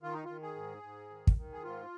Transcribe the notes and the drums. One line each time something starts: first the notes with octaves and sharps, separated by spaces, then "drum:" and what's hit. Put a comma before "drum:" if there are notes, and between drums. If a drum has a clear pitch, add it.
D#3 F4
D#4
D#3 F4
G#4
G#2
G#2
D#3
drum: kick
D#3
G#4
G#2 F4